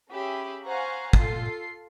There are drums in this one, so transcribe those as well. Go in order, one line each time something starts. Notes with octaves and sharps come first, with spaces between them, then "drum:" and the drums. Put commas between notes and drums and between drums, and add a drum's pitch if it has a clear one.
C#4 G4 G#4 E5 B5
C5 F5 F#5 G#5 A#5 C#6
F4 A4 C7, drum: kick